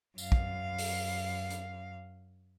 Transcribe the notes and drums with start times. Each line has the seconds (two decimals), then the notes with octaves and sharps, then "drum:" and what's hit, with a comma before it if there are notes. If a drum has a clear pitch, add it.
0.18 F#2 F5, drum: tambourine
0.32 drum: kick
0.78 drum: open hi-hat
1.50 drum: hi-hat